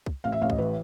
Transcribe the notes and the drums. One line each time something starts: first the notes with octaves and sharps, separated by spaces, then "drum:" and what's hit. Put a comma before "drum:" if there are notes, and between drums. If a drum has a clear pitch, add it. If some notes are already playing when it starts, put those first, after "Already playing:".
drum: kick
A1 F5
E5
A1 F5
D#5, drum: kick
E3 B4